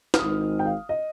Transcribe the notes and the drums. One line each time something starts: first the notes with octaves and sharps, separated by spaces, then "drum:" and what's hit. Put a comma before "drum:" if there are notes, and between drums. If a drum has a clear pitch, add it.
F6, drum: snare
G#1 G#2 D#3 D#6
G5
F5
D#5